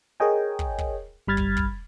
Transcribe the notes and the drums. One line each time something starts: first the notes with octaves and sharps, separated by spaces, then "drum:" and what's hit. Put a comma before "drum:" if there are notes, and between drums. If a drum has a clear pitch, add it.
G#4 A#4 C#5 D#5 G5 G#5
drum: kick
drum: kick
G1 G3 B5 F6 G#6 A6
drum: kick
drum: kick